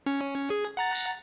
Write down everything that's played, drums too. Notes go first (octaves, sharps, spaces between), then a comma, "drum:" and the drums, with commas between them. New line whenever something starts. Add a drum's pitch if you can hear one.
C#4
G#4
F#5 A#5 A6
drum: tambourine